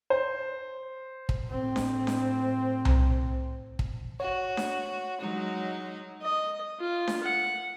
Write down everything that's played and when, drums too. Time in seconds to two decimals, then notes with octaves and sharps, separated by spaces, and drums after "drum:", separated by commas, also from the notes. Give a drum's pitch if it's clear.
0.10 C5
1.29 drum: kick
1.49 A2 C4
1.76 drum: snare D4
2.07 drum: snare D4
2.85 drum: tom C2
3.79 drum: kick
4.20 F#4 C#5
4.57 drum: snare D4
5.20 F#3 G#3 D#4
6.22 D#5
6.79 F4
7.08 drum: snare D4
7.23 F#5